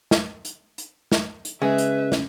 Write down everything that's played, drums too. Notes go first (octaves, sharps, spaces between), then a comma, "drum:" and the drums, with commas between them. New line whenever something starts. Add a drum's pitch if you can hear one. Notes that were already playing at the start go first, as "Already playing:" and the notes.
drum: snare
drum: hi-hat
drum: hi-hat
drum: snare
drum: hi-hat
C#3 G#3 G#4 B4 E5
drum: hi-hat
drum: snare